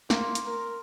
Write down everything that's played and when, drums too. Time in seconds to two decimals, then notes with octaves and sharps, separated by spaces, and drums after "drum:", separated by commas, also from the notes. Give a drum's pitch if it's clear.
0.10 A#3 C6, drum: snare
0.35 drum: hi-hat
0.46 A#4